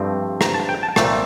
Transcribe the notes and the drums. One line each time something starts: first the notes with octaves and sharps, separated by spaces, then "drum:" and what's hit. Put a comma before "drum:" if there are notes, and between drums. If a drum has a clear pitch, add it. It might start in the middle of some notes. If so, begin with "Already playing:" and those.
Already playing: G2 F3 A3 C4
A#5, drum: rim click
A5
G5
A5
C2 A#2 A3 C4 A5, drum: rim click